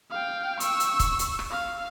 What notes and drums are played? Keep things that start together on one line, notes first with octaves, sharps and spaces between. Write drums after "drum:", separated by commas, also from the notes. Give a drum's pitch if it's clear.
F5 G5
C#6 E6, drum: hi-hat
drum: hi-hat
drum: kick, hi-hat
drum: hi-hat
drum: rim click
F5